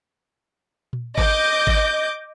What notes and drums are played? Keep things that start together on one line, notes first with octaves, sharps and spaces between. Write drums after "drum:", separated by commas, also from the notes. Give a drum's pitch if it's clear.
drum: tom A#2
D#5 D6 G6, drum: kick G#1
drum: kick G#1